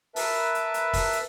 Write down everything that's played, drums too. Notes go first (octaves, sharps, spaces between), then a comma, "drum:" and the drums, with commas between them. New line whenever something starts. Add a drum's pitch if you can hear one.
A#4 B4 E5 A5, drum: open hi-hat
drum: hi-hat
drum: hi-hat
drum: kick, open hi-hat
drum: hi-hat